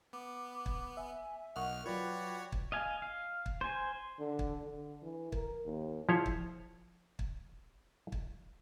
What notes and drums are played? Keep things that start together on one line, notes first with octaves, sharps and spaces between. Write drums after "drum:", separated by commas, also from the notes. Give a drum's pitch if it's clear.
B3 D6
drum: kick
E5 G#5
B1 A#4 D#5 F#5 C#6 F6 F#6
F#3 F4 F#4 B4 C#5 D5 G5
drum: kick
D#5 F5 G#5
F5
drum: kick
C5 G#5
D3
drum: kick
D3
E3
A#4, drum: kick
D#2
F3 E4 G#4 C5 C#5
drum: kick
drum: kick
drum: kick